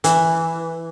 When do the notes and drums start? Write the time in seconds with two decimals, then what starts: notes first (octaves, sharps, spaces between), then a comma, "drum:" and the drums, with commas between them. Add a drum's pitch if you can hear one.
0.04 E3, drum: hi-hat